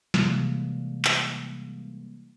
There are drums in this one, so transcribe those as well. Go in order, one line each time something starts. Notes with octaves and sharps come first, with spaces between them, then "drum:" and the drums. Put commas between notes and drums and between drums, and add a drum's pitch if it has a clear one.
C3 E3 G3 G#3 A#3, drum: snare
drum: clap